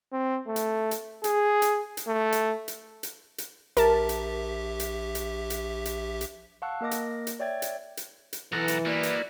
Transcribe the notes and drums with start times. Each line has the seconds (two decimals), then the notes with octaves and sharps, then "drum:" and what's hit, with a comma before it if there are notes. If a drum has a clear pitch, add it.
0.12 C4
0.47 A3
0.56 drum: hi-hat
0.91 drum: hi-hat
1.24 G#4, drum: hi-hat
1.62 drum: hi-hat
1.97 drum: hi-hat
2.08 A3
2.32 drum: hi-hat
2.68 drum: hi-hat
3.03 drum: hi-hat
3.38 drum: hi-hat
3.77 A#1 G4 A#4 E5 A5, drum: hi-hat
4.09 drum: hi-hat
4.80 drum: hi-hat
5.15 drum: hi-hat
5.50 drum: hi-hat
5.85 drum: hi-hat
6.21 drum: hi-hat
6.62 F5 F#5 A5 C#6 E6 F#6
6.81 A#3 A#4 D#5 D6 A#6
6.91 drum: hi-hat
7.27 drum: hi-hat
7.39 C#5 D5 E5 G5 G#6 A6
7.62 drum: hi-hat
7.97 drum: hi-hat
8.33 drum: hi-hat
8.53 B1 E3 A4 F#5 A#5
8.68 drum: hi-hat
8.86 G3 A#3 B3 E4 F#4 D5
9.03 drum: hi-hat